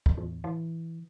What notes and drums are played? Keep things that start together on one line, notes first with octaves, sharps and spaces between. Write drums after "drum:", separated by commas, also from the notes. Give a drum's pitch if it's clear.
drum: kick
E2
E3